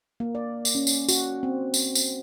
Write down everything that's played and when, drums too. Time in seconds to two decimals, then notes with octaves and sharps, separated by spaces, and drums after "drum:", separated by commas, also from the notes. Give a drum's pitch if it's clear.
0.20 A#3
0.35 D5
0.65 drum: tambourine
0.75 C#4
0.87 drum: tambourine
1.09 F#4, drum: tambourine
1.43 C4
1.74 drum: tambourine
1.95 drum: tambourine